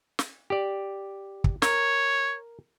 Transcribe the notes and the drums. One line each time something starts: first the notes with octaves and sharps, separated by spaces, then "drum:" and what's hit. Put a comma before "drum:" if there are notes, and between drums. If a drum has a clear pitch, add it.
drum: snare
G4 D5
drum: kick
A#4 C#5, drum: snare